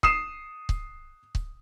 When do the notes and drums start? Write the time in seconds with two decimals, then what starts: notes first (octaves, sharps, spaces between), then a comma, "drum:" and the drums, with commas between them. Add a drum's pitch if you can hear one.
0.03 D#6 C7 E7, drum: kick C#1
0.69 drum: kick C#1
1.35 drum: kick C#1